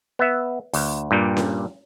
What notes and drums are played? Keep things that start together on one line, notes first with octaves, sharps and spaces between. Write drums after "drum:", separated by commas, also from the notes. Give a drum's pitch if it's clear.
B3 E5
D2, drum: open hi-hat
G2 A#2 G3
drum: snare C#4